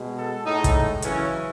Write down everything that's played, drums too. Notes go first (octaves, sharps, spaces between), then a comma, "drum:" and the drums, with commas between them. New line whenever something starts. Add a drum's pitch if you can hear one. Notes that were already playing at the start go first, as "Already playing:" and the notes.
Already playing: B2 G#3
A4
A2 G#3 D#4
drum: kick, hi-hat
F#2 C#3 E3 C#4, drum: hi-hat